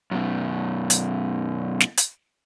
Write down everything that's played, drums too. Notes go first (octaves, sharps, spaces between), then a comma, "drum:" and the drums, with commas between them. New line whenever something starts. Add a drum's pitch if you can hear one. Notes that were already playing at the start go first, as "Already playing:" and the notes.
F#2 B2
drum: hi-hat
drum: snare
drum: hi-hat